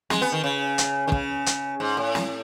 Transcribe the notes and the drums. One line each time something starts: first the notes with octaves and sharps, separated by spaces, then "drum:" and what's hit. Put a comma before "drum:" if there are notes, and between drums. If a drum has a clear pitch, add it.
G#3, drum: snare
B3
D#3
C#3
drum: hi-hat
D#3
C#3, drum: kick
drum: hi-hat
G#2
A2
drum: snare